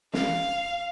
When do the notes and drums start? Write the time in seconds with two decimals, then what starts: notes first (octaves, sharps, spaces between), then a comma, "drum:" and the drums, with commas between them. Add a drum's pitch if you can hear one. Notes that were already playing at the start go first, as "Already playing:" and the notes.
0.14 F5, drum: snare